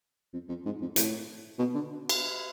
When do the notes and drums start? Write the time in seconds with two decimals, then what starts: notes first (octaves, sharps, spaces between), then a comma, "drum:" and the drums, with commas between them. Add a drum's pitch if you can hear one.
0.33 F2
0.49 F2
0.66 G#2
0.81 F2
0.96 A2, drum: hi-hat
1.59 B2
1.74 D3
2.09 drum: cymbal